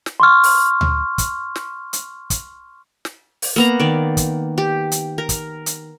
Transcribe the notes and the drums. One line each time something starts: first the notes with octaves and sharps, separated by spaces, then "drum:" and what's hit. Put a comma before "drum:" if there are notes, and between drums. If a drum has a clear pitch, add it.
drum: snare
C6 C#6 F6
drum: open hi-hat
drum: tom D2
drum: kick, hi-hat
drum: snare
drum: hi-hat
drum: kick, hi-hat
drum: snare
drum: open hi-hat
A#3 B3 A#5
D#3 D5
drum: kick, hi-hat
G4
drum: hi-hat
A#4
drum: kick, hi-hat
drum: hi-hat